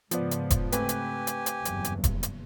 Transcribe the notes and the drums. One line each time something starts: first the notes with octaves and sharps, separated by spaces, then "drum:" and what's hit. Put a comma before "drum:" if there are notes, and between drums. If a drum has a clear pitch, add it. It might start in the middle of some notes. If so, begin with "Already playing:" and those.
G#2 C#3 F3 B3 D5, drum: hi-hat
drum: hi-hat
drum: kick E1, hi-hat
A3 C4 G4 B4 G#5, drum: hi-hat
drum: hi-hat
drum: hi-hat
drum: hi-hat
F#1 E2 G2, drum: hi-hat
drum: hi-hat
drum: kick E1, hi-hat
drum: hi-hat